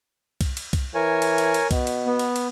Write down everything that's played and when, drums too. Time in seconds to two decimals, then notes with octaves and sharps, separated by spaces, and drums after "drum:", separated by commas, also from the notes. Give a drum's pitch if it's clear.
0.41 drum: kick C2, cymbal
0.57 drum: cymbal
0.73 drum: kick C2, cymbal
0.94 E3 A#4 C#5 G#5
1.22 drum: cymbal
1.38 drum: cymbal
1.54 drum: cymbal
1.71 B2, drum: kick C2, cymbal
1.87 drum: cymbal
2.06 B3
2.19 drum: cymbal
2.36 drum: cymbal